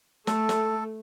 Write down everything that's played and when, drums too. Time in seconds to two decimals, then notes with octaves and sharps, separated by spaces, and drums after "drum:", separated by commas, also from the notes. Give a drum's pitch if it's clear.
0.27 A3 A4, drum: snare
0.49 drum: snare